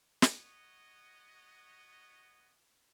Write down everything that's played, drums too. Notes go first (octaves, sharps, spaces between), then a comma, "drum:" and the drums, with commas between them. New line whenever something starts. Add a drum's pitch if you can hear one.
B3 F#4 C#5 D#5, drum: snare